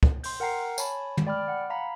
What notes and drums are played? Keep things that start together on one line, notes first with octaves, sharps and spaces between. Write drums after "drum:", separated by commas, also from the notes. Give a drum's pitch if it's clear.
drum: kick
C6 G6, drum: open hi-hat
A#4 F#5 G5 A#5 C7
C#5 G#5 A5 B5, drum: tambourine
drum: tom
D5 G5 B5 D6 F6
F#5
F5 G#5 A#5 B5 B6